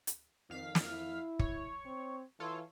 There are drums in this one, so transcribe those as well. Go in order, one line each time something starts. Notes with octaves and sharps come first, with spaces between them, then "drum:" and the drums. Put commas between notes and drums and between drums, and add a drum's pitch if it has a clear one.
drum: hi-hat
F2 D#3 F5 B6
drum: snare
E4
C#5, drum: kick
C4
E3 F4 A4 C#5